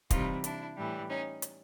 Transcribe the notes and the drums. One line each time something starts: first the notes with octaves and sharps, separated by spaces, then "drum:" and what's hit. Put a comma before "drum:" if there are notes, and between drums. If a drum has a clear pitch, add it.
C3 E3 G3 D#4 F4, drum: kick, hi-hat
D4 E4, drum: hi-hat
A2 E3 G3
C#4 D#4
drum: hi-hat